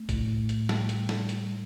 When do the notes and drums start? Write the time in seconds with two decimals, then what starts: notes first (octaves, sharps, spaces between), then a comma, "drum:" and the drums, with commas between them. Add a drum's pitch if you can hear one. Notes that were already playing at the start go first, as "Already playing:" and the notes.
Already playing: A3
0.09 A2, drum: kick A#1, hi-hat
0.49 drum: hi-hat
0.69 G3, drum: snare
0.89 drum: hi-hat
1.09 drum: snare
1.29 drum: hi-hat